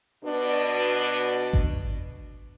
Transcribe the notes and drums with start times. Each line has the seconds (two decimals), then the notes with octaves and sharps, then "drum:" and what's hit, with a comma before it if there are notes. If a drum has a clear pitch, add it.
0.24 B2 D4
1.53 drum: kick G#1